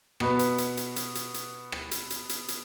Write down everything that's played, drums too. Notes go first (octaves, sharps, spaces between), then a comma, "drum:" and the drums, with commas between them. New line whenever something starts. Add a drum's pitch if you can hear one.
B2 B3 B4, drum: rim click
drum: hi-hat
drum: hi-hat
drum: hi-hat
drum: hi-hat
drum: hi-hat
drum: hi-hat
drum: rim click
drum: hi-hat
drum: hi-hat
drum: hi-hat
drum: hi-hat